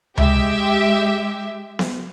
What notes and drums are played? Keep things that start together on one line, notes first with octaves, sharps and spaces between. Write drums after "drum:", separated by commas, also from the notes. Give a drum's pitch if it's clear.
G#3 G4 E5, drum: tom C#2
drum: snare B3